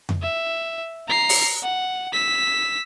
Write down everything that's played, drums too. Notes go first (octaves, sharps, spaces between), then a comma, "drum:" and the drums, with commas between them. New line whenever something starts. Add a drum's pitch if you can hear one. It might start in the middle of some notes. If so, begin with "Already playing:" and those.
drum: tom F2
E5
A#5 C7
drum: open hi-hat
F#5
E6 B6